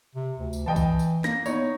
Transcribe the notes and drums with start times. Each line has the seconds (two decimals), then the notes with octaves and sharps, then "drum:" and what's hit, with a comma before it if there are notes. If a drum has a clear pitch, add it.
0.15 C3
0.38 D2
0.53 drum: tambourine
0.66 E3 D#5 G5 A5
0.76 drum: kick, tambourine
0.99 drum: tambourine
1.24 A#3 A#6, drum: snare
1.46 B3 D#4 C#5, drum: tambourine